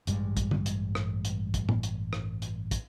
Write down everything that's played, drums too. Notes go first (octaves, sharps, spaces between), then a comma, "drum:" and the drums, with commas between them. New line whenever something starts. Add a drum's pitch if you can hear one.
A1 G2 G3 G#3, drum: hi-hat
drum: kick, hi-hat
drum: tom
drum: hi-hat
drum: rim click
drum: hi-hat
drum: kick, hi-hat
drum: tom
drum: hi-hat
drum: rim click
drum: hi-hat
drum: kick, hi-hat